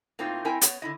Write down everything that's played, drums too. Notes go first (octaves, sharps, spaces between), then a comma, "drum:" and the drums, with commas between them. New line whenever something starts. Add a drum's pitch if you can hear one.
A2 A#3 C4 D#4 F4
C4 E4 A#4 G5 G#5
B3 C#5, drum: hi-hat
D3 E4 D#5